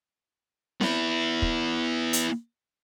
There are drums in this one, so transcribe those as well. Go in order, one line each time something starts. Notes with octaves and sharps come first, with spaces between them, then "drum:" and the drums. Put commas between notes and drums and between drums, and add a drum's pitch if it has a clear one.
B3 E4, drum: snare C4
drum: kick
drum: hi-hat